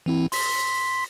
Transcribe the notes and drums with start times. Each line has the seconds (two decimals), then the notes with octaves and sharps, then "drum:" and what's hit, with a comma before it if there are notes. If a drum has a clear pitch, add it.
0.06 E3 C4 E4
0.32 C6 B6, drum: open hi-hat